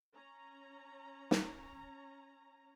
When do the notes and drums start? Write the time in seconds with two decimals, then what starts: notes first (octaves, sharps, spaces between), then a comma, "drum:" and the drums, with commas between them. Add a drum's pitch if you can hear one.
0.14 C#4 A#5
1.31 drum: snare